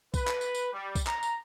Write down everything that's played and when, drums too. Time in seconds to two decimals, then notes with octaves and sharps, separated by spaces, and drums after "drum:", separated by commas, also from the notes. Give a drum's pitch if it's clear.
0.14 B4, drum: kick B1, tambourine
0.27 drum: clap
0.41 drum: tambourine
0.55 drum: tambourine
0.73 G3
0.95 drum: kick B1, tambourine
1.07 A#5, drum: clap
1.23 drum: tambourine